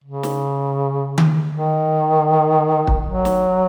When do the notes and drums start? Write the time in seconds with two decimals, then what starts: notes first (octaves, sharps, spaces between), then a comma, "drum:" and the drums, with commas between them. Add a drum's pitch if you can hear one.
0.04 C#3
0.23 drum: snare
1.18 drum: tom D#3
1.55 D#3
2.87 drum: kick
3.06 F#3
3.25 drum: snare